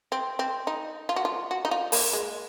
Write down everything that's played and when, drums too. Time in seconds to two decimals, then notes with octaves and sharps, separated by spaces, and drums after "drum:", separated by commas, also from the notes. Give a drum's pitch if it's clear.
0.12 C4
0.39 C4
0.67 D#4
1.09 F4
1.16 F#4
1.25 F4
1.51 F#4
1.65 D#4
1.71 F4
1.92 A#3, drum: open hi-hat
2.13 G#3